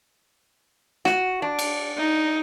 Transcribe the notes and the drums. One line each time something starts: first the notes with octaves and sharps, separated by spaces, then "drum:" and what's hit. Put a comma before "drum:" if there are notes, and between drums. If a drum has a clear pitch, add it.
F#4, drum: snare
D4
drum: cymbal
D#4